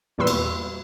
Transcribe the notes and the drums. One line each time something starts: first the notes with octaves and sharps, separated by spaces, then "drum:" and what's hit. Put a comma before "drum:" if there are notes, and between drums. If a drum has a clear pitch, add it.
E2 A#2 G3 B4 C6 E6
drum: cymbal